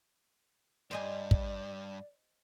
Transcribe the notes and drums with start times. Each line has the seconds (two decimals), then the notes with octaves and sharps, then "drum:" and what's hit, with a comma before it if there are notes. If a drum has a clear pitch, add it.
0.91 G2 C5 D5 D#5 G#5
1.31 drum: kick